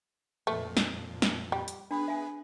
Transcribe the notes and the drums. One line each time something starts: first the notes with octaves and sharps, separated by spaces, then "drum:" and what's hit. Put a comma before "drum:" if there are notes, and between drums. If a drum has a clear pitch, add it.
F2 A#2 F3 A3 B4
drum: snare
drum: snare
G3
drum: hi-hat
B3 D4 G#4 B4 B5
E5 G#5